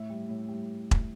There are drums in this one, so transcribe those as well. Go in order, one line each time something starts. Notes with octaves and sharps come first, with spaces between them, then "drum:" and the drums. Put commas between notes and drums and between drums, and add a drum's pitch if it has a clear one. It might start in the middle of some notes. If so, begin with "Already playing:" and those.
Already playing: A2 E5
G3
A2
G3
drum: kick E1